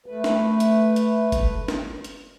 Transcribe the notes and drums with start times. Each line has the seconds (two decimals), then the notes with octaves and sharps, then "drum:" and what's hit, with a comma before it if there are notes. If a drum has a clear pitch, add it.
0.06 A3 B4
0.24 drum: snare
0.60 drum: hi-hat
0.96 drum: hi-hat
1.32 drum: kick F#1, hi-hat
1.68 drum: snare
2.04 drum: hi-hat